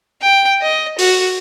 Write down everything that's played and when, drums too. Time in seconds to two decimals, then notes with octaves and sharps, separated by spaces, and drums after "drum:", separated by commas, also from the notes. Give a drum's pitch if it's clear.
0.22 G5
0.62 D#5
0.99 F#4, drum: open hi-hat